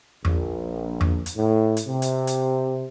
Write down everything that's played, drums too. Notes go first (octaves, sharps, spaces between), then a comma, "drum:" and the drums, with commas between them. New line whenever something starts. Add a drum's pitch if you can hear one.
A#1, drum: tom E2
drum: tom E2
drum: hi-hat
A2
drum: hi-hat
C3
drum: hi-hat
drum: hi-hat